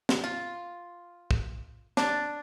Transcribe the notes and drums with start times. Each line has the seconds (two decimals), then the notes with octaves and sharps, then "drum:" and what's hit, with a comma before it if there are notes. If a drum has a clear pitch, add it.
0.09 drum: snare
0.24 F4
1.31 drum: kick
1.97 D4, drum: snare